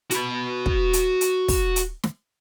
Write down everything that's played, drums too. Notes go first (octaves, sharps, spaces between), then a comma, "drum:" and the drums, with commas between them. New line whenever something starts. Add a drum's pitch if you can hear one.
F#4 B5, drum: hi-hat
drum: kick
drum: hi-hat
drum: hi-hat
drum: kick, open hi-hat
drum: hi-hat
drum: snare